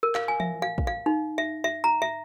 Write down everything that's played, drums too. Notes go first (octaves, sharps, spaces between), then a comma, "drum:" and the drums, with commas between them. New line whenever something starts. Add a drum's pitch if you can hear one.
A#4
F5, drum: clap
G#5
E5, drum: tom E3
F5
drum: kick
F5
D#4
E5
E5
A#5
E5